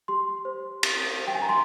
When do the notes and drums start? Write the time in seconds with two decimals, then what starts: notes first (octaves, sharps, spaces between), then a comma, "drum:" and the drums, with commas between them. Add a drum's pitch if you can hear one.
0.08 G4 C6
0.45 C5
0.83 G4, drum: cymbal
1.20 C5
1.28 G5
1.35 G#5
1.42 A#5
1.49 C6